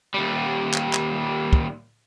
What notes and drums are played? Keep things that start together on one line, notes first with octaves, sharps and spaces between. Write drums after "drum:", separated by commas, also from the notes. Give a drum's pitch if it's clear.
D#2 G3
drum: clap
drum: clap
drum: kick